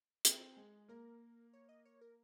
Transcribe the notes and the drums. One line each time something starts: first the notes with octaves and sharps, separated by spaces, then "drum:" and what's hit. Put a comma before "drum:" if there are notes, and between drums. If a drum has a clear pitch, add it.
C4 G#4, drum: hi-hat
G#3
A#3 A#4
C#5
D#5
C#5
A#4